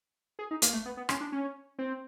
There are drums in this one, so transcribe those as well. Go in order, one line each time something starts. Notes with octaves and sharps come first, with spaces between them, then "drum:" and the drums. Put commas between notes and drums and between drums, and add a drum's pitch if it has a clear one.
G#4
D#4
A#3, drum: hi-hat
A3
B3
B3
C#4, drum: rim click
D4
C#4
C4